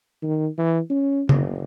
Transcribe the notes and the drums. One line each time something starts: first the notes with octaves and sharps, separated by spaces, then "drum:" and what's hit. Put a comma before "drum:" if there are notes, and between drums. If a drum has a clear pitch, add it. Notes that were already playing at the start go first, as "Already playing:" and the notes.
D#3
E3
C#4
F#1, drum: tom C#3